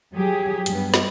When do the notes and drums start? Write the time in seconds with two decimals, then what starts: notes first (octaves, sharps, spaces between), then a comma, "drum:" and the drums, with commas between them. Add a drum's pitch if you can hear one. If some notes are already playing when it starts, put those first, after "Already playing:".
0.14 F#3 G4 G#4
0.66 G2 B3, drum: hi-hat
0.94 drum: snare